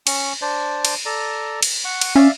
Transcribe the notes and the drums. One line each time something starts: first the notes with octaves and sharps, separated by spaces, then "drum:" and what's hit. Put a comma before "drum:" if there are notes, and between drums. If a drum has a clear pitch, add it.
C#4 C#6, drum: cymbal
D4 C5 D5
drum: cymbal
A4 D5 A#5
drum: cymbal
F#5 C#6
drum: cymbal
C#4 D5 E5 F5